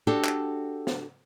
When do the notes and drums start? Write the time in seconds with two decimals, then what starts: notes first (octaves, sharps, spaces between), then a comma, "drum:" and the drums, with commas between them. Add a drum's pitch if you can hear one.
0.07 D4 F#4 G4 A4
0.25 drum: clap
0.87 drum: snare